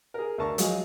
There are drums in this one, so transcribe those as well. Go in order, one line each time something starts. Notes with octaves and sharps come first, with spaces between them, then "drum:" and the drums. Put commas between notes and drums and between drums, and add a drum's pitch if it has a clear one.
G#4 A#4
D2 A#4 A5 C#6
F3 F#3 G#3 F4 G#4, drum: hi-hat